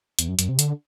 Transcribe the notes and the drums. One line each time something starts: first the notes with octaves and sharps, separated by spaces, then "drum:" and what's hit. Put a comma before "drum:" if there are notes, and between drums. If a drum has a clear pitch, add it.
E2, drum: hi-hat
F#2
F#2, drum: hi-hat
C3
D3, drum: hi-hat